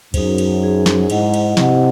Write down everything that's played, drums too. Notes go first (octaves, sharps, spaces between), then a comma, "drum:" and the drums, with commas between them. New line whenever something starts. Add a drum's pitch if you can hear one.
F#2 D#4 G#4 C5, drum: kick, cymbal
drum: cymbal
D#4 G#4 C5
drum: snare
G#2 E4 C5 D#5 F#5, drum: cymbal
drum: cymbal
C3 E4 C5 D#5 F#5, drum: snare